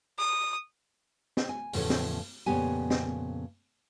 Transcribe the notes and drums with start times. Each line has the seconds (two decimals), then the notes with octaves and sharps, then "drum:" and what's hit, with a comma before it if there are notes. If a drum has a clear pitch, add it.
0.19 D#6
1.37 drum: snare
1.49 G#5
1.73 E2 A2 C#3 F3 A4, drum: open hi-hat
1.90 drum: snare
2.46 F2 A#2 C#3 B3 G4 G#5
2.90 drum: snare